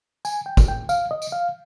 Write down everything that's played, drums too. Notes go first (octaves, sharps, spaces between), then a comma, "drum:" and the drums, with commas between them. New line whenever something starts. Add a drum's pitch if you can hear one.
G#5, drum: tambourine
G5
drum: kick, tambourine
G5
F5, drum: tambourine
D#5
drum: tambourine
F5